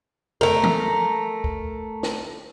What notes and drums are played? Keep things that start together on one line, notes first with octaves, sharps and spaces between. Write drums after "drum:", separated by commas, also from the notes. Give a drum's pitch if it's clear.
A3 A#4, drum: tom
drum: tom E3
drum: kick
drum: snare